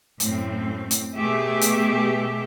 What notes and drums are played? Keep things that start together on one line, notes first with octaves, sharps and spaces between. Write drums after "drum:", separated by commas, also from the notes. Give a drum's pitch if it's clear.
F#2 A2 C4, drum: hi-hat
drum: hi-hat
B2 A3 G4 G#4 E5
drum: hi-hat